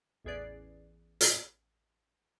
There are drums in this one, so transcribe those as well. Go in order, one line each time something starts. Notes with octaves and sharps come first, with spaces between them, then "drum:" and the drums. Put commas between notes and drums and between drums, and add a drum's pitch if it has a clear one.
A1 E2 G#4 B4 D5 C7
drum: hi-hat